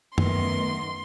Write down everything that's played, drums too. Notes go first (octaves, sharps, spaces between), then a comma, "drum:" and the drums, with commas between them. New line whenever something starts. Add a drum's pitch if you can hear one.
F#2 D#3 A3 B3 C6, drum: tom